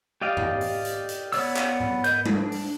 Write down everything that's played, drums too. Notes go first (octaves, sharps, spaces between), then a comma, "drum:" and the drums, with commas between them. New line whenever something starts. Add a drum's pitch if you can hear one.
G4 D5 D#5 F5
drum: tom G2
drum: open hi-hat
drum: hi-hat
drum: hi-hat
B3 C#5 D5 E6, drum: open hi-hat
drum: clap
drum: tom G#2
B3 A#4 D#5 G6, drum: hi-hat
D4, drum: tom G3
drum: open hi-hat